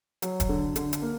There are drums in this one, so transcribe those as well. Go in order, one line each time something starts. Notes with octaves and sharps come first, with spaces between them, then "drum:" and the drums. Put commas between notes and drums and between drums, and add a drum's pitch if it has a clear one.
F#3, drum: hi-hat
drum: kick, hi-hat
D3
D3, drum: hi-hat
drum: hi-hat
A#3